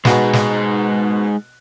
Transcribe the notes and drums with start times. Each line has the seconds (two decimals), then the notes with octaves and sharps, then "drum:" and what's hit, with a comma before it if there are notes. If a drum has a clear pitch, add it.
0.05 B2 G#3 D#4 F#4 G#4 B4, drum: snare
0.33 drum: snare